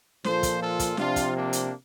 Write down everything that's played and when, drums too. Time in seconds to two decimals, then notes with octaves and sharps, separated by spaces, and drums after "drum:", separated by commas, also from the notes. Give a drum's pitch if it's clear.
0.24 A#2 F3 A4 C5, drum: snare
0.43 drum: kick, hi-hat
0.61 F4 A4
0.80 drum: kick, hi-hat
0.97 C3 F3 D4 F4, drum: snare
1.16 drum: kick, hi-hat
1.34 A#3 D4
1.53 drum: hi-hat